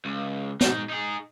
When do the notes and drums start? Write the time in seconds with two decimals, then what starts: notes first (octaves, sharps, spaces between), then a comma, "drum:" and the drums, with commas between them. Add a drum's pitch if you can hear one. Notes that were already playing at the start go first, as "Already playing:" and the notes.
0.05 C#2
0.61 G#2 D#4, drum: snare
0.90 D#4 G#4